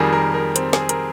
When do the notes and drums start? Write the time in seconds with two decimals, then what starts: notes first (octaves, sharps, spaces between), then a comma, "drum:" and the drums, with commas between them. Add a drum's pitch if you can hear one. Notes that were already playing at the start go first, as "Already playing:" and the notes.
Already playing: F2 D#3 G3 G#4
0.13 A#4
0.34 A#4
0.56 C4, drum: hi-hat
0.73 G#4, drum: snare
0.89 A#4, drum: hi-hat